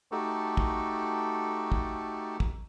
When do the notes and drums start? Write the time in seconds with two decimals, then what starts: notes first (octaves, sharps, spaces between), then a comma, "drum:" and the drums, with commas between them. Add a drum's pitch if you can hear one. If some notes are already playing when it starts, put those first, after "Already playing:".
0.12 A3 D#4 F#4 G4 A4
0.57 drum: kick
1.72 drum: kick
2.40 drum: kick